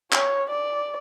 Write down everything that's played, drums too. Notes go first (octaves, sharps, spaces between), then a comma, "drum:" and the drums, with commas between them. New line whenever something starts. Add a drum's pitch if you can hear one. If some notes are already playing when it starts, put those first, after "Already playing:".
C#5, drum: clap
D5